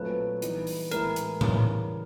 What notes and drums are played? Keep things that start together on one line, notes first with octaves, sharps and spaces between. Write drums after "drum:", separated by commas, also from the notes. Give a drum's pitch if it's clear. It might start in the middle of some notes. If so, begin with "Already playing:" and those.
Already playing: A#2 F#3 A3 C4 B4
E3 G3 B3 D#4, drum: hi-hat
drum: open hi-hat
A2 E3 G#3 B3 E4 A#4, drum: hi-hat
drum: hi-hat
C#3 E3 G3 B3, drum: tom A2